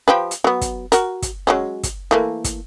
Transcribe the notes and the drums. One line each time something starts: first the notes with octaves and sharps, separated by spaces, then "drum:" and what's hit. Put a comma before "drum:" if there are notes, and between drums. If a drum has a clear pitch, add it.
F3 G4 B4
drum: hi-hat
F#3 B3
drum: kick, hi-hat
F#4 A#4, drum: hi-hat
drum: kick, hi-hat
F#3 G#3 C#4
drum: kick, hi-hat
E3 A3 A#3
drum: kick, hi-hat